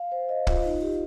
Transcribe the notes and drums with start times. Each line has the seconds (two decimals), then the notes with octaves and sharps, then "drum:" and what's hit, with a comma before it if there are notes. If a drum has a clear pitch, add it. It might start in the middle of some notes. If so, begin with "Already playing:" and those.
Already playing: F5
0.12 C5
0.29 D#5
0.47 F4, drum: kick
0.65 D#4
0.82 G4